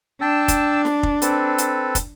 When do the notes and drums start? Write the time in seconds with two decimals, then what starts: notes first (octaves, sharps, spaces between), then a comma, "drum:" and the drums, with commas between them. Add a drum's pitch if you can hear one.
0.21 D4 G5 A5 E6
0.48 drum: kick, hi-hat
0.85 drum: snare
1.03 drum: kick
1.22 C4 A4 B4, drum: hi-hat
1.58 drum: hi-hat
1.95 drum: kick, hi-hat